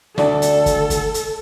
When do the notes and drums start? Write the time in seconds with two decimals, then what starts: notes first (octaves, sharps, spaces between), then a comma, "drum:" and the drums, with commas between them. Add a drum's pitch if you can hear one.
0.18 D2 D4 A4, drum: snare
0.42 drum: hi-hat
0.66 drum: kick, hi-hat
0.90 drum: kick, hi-hat
1.14 drum: hi-hat